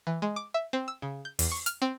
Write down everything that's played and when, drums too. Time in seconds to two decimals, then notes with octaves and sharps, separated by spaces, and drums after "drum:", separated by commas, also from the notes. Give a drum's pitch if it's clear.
0.07 E3
0.22 G#3
0.36 D6
0.54 E5
0.73 C4
0.88 E6
1.02 C#3
1.25 G6
1.39 E2, drum: open hi-hat
1.52 C#6
1.66 F6, drum: hi-hat
1.82 C4